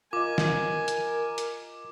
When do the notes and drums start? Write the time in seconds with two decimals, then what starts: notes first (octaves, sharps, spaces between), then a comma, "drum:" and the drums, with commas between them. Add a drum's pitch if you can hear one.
0.13 F4 A#4 D#5 G#5 D6
0.38 drum: snare
0.88 drum: hi-hat
1.38 drum: hi-hat